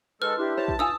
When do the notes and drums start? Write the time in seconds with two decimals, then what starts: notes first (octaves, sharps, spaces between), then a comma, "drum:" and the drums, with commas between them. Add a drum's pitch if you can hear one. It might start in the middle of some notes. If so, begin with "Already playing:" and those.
0.22 D#3 G#3 A4 B4 F6
0.37 D4 E4 G4 C6
0.57 C5 C#5 A5
0.68 drum: kick
0.79 D#4 F4 G#5 D#6 E6